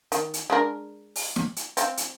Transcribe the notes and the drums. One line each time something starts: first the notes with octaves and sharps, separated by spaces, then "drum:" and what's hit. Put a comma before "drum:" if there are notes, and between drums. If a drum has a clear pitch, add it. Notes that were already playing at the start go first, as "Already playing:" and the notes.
D#3, drum: hi-hat
drum: hi-hat
G#3 D4 A#4
drum: open hi-hat
drum: snare
drum: hi-hat
C4 F5, drum: hi-hat
drum: hi-hat